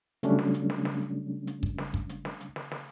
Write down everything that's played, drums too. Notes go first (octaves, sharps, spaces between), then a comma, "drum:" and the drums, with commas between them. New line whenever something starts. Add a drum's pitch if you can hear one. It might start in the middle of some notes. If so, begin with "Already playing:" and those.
C#3 F#3 G3 A3 C#4 D4, drum: hi-hat
drum: snare
drum: hi-hat
drum: snare
drum: snare
drum: hi-hat
drum: kick
drum: snare
drum: kick
drum: hi-hat
drum: snare
drum: hi-hat
drum: snare
drum: snare